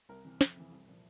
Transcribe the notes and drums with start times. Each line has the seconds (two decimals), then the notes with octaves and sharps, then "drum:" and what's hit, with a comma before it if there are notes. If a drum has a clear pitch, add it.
0.09 C2 A#4
0.25 C3 E3
0.41 F2, drum: snare
0.55 C3 E3
0.72 C2
0.87 A#2 F3